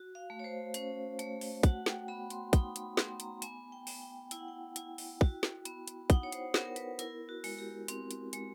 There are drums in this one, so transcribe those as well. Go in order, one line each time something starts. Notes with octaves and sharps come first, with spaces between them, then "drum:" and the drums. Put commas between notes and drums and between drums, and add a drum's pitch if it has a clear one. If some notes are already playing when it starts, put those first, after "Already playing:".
Already playing: F#4
F5
A3
C#5
C5
C#4 C5, drum: hi-hat
A3 C#5, drum: hi-hat
drum: open hi-hat
F#4 F#5, drum: kick, hi-hat
G5, drum: snare
B3 B5
C6, drum: hi-hat
D#4 B5, drum: kick, hi-hat
B5, drum: hi-hat
B3 C6, drum: snare
A#5, drum: hi-hat
B3 G#5, drum: hi-hat
G5
B3, drum: open hi-hat
G5
E4 G5, drum: hi-hat
F#5
G5
E4, drum: hi-hat
drum: open hi-hat
F#4, drum: kick
drum: snare
B3, drum: hi-hat
drum: hi-hat
D#4 F#5, drum: kick, hi-hat
C#5
C5, drum: hi-hat
B3 A#4, drum: snare
B4, drum: hi-hat
E4 A#4, drum: hi-hat
F#4
G#3, drum: open hi-hat
G4
C4, drum: hi-hat
drum: hi-hat
G#3, drum: hi-hat